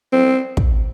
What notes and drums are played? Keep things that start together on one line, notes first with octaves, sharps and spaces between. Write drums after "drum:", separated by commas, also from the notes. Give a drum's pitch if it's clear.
C4
drum: kick